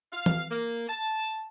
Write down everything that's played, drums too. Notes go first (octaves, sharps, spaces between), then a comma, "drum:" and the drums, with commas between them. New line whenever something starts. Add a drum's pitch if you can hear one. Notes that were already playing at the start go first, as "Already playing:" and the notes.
F5
drum: tom E3
A#3
A5